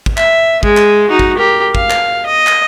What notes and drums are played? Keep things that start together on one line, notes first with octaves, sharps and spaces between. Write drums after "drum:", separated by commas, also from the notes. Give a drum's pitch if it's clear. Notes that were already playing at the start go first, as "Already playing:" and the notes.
drum: kick
E5, drum: clap
G#3, drum: kick
drum: clap
D#4 F#4
drum: kick
G4 A#4
F5, drum: kick
drum: clap
D#5
drum: clap